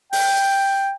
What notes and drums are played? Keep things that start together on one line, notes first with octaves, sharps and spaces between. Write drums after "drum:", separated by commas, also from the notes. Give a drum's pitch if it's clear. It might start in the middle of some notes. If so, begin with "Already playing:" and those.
G5, drum: open hi-hat